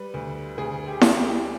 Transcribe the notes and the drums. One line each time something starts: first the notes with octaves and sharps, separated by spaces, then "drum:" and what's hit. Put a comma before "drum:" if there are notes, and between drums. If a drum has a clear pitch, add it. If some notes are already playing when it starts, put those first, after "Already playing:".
Already playing: G3 B4
D2
D2 G#4
G4
G3, drum: snare E4
G4